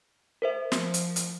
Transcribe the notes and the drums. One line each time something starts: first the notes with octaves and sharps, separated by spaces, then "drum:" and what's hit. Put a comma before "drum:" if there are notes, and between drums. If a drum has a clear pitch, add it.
A#4 C5 E5
F3, drum: snare
drum: hi-hat
drum: hi-hat